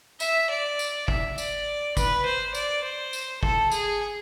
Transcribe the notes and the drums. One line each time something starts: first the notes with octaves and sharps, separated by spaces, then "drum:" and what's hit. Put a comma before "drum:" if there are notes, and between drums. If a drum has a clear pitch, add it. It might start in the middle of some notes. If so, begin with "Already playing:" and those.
E5, drum: tambourine
D5
drum: tambourine
E5, drum: kick
D5, drum: tambourine
B4, drum: kick, tambourine
C5
D5, drum: tambourine
C5
drum: tambourine
A4, drum: kick
G#4, drum: tambourine